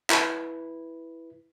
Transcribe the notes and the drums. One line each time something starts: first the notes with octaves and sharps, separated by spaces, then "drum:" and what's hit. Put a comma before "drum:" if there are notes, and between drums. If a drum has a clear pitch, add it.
E4 B4, drum: clap